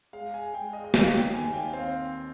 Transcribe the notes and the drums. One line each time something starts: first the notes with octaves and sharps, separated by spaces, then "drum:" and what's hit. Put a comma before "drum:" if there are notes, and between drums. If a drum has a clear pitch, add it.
G#3 F5
G#5
G#3 G5
D#5
D#5
D#2 F5, drum: snare
G5
D#2 G#5
G5
C4 F5